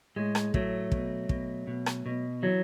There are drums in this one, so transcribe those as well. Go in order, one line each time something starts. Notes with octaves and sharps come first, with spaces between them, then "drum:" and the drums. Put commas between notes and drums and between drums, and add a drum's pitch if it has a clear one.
A2 G#3
drum: rim click
A2 F#3 A3, drum: kick
B2, drum: kick
B2, drum: kick
B2
drum: rim click
B2
E3 F#3